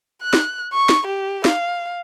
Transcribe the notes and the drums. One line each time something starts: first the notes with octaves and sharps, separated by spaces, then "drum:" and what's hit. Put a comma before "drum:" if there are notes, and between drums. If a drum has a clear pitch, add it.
F#6
drum: snare
C#6
drum: snare
G4
F5, drum: snare